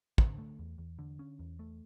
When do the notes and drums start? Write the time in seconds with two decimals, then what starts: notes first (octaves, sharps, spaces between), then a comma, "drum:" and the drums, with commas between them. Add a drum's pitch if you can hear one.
0.18 D3, drum: kick
0.38 A3
0.59 E2
0.78 E2
0.99 D3
1.19 C#4
1.39 E2
1.59 A3